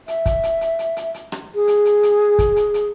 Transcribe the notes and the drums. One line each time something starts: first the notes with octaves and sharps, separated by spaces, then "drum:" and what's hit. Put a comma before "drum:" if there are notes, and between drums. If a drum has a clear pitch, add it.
E5, drum: hi-hat
drum: kick, hi-hat
drum: hi-hat
drum: hi-hat
drum: hi-hat
drum: hi-hat
drum: hi-hat
drum: rim click
G#4
drum: hi-hat
drum: hi-hat
drum: hi-hat
drum: kick, hi-hat
drum: hi-hat
drum: hi-hat